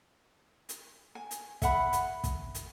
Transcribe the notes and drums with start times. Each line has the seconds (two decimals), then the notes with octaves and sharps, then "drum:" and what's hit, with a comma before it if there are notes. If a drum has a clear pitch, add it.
0.69 drum: hi-hat
1.15 G#5
1.31 drum: hi-hat
1.62 E5 F#5 B5, drum: kick, hi-hat
1.93 drum: hi-hat
2.24 drum: kick, hi-hat
2.55 drum: hi-hat